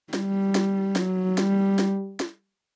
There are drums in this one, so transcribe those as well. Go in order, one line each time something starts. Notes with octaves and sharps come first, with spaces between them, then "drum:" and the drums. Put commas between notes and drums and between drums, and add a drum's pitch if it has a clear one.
G3, drum: snare
drum: snare
F#3, drum: snare
G3, drum: snare
drum: snare
drum: snare